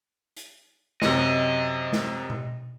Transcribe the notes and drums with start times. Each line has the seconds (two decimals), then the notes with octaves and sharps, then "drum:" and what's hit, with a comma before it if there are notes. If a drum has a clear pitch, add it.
0.36 drum: hi-hat
1.02 F#2 C3 D#5, drum: snare
1.93 drum: snare
2.30 drum: tom B2